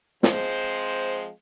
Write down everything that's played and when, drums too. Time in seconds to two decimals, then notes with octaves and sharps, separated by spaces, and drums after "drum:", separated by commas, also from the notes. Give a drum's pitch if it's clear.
0.23 F3 G#3 C4 C5, drum: snare